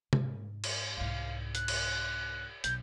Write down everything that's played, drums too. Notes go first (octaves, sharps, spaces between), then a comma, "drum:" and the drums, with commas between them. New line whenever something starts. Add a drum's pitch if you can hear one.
G#2, drum: tom C3
drum: cymbal
C2 G#2 F5
F#6, drum: hi-hat
drum: cymbal
B1 G6, drum: hi-hat